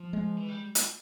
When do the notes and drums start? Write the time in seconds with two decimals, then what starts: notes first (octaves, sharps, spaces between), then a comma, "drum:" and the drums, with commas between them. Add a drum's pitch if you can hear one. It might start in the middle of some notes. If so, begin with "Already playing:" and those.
Already playing: F3
0.13 G#3
0.37 E3
0.48 G3
0.75 drum: hi-hat